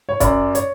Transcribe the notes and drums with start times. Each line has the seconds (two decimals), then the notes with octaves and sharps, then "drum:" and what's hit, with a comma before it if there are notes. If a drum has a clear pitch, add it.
0.09 C#5
0.20 F#2 D5, drum: kick, hi-hat
0.55 C#5, drum: hi-hat